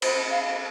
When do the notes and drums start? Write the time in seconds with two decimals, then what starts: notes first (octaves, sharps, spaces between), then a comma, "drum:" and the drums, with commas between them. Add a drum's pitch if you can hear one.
0.02 C5, drum: cymbal
0.31 F5